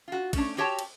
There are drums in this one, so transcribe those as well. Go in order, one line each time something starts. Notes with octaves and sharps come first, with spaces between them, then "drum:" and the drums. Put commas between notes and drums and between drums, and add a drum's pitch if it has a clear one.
F4 F#4
A3 C#4 D4, drum: kick, cymbal
C4 F#4 G4 C#5 G5 A5
drum: cymbal